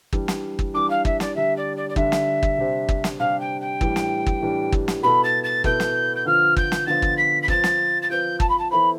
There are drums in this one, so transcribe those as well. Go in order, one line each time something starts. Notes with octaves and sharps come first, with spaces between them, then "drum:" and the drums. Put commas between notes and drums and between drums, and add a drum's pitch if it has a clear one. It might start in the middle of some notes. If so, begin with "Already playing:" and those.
E3 G3 D4, drum: kick
drum: snare
drum: kick
E3 G3 D4 D6
F5
E5, drum: kick
D5, drum: snare
D3 G3 D4 E5
D5
D5
D5
D3 G3 D4 E5, drum: kick
drum: snare
drum: kick
C3 G3 D4 G4 C5
drum: kick
drum: snare
C3 G3 D4 G4 C5 F5
G5
G5
A2 E3 G3 D4 G4, drum: kick
drum: snare
drum: kick
A2 E3 G3 D4 G4
drum: kick
drum: snare
B2 B3 E4 A4 B5
A6
A6
B2 B3 E4 A4 G6, drum: kick
drum: snare
G6
D3 F3 B3 F4 F6
G6, drum: kick
drum: snare
D3 F3 B3 F4 A6
drum: kick
B6
B6
F3 C4 F4 B4 A6, drum: kick
drum: snare
A6
F3 C4 F4 B4 G6
A5, drum: kick
B5
A5
E3 B3 E4 A4 C5 B5